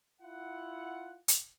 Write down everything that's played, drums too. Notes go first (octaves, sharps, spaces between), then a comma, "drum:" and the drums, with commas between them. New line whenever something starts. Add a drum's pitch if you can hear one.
E4 F4 F#5
drum: hi-hat